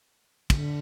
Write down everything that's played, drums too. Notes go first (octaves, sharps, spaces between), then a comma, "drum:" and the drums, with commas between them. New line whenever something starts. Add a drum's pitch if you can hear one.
D3, drum: kick, cymbal